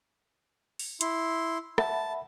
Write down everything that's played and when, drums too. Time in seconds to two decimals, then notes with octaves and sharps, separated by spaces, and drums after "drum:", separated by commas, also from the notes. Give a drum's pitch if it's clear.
0.79 drum: open hi-hat
1.01 E4 C6, drum: hi-hat
1.78 E5 F#5 A5 B5, drum: rim click